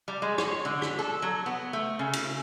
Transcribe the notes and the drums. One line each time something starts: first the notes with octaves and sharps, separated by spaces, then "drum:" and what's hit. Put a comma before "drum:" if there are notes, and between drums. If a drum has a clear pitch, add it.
G3
G#3
C#5, drum: rim click
D3
drum: rim click
A4
F#3
B3
A3
C#3
drum: cymbal